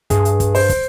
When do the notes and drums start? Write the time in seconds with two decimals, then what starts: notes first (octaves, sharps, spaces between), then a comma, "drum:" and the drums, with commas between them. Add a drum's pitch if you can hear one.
0.10 G2 G#4, drum: kick, hi-hat
0.25 drum: hi-hat
0.40 drum: kick, hi-hat
0.55 C5, drum: open hi-hat
0.69 drum: kick, hi-hat